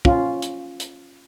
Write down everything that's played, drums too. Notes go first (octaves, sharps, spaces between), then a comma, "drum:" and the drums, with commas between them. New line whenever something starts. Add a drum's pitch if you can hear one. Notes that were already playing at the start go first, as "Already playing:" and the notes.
C#4 F4, drum: kick
drum: hi-hat
drum: hi-hat